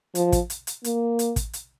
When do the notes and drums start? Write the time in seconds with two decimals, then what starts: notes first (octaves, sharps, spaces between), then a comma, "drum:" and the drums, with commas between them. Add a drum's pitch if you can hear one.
0.15 F3, drum: hi-hat
0.32 drum: kick, hi-hat
0.50 drum: hi-hat
0.67 drum: hi-hat
0.84 A#3, drum: hi-hat
1.19 drum: hi-hat
1.36 drum: kick, hi-hat
1.53 drum: hi-hat